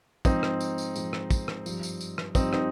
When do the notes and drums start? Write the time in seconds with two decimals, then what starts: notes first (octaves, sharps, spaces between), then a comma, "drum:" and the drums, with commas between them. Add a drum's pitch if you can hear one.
0.25 G#2 F3 C4 D#4, drum: kick, tambourine
0.43 drum: rim click
0.60 drum: tambourine
0.78 drum: tambourine
0.96 G#2 F3, drum: tambourine
1.13 drum: rim click
1.31 drum: kick, tambourine
1.48 drum: rim click
1.66 G2 F3, drum: tambourine
1.83 drum: tambourine
2.01 drum: tambourine
2.18 drum: rim click
2.35 G2 F3 C4 D#4, drum: kick, tambourine
2.53 C4 D#4, drum: rim click